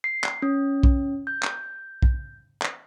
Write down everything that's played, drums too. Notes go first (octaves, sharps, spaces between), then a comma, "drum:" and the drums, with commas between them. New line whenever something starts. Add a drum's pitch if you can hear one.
C7
drum: clap
C#4
drum: kick B1
G6
drum: clap
drum: kick B1
drum: clap